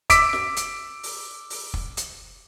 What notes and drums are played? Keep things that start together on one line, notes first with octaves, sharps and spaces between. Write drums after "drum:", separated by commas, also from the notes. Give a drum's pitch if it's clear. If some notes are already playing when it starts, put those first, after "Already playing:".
D6 E6 B6 D7, drum: kick, hi-hat
drum: snare
drum: hi-hat
drum: open hi-hat
drum: open hi-hat
drum: kick
drum: hi-hat